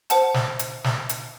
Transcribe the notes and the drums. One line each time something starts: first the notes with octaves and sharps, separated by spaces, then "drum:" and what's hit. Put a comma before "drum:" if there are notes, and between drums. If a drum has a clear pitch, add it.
C5 F#5 A5, drum: hi-hat
drum: snare
drum: hi-hat
drum: snare
drum: hi-hat